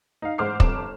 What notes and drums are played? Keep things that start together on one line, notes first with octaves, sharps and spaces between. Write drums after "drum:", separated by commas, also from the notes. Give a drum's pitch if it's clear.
D#4 F5
A1 G#2 C5 D6 F6 C7
G1 F2 D6 E7, drum: kick